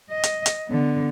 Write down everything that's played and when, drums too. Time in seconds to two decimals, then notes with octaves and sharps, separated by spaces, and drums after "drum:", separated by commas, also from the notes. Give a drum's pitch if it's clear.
0.11 D#5
0.23 drum: hi-hat
0.46 drum: hi-hat
0.68 D3 B3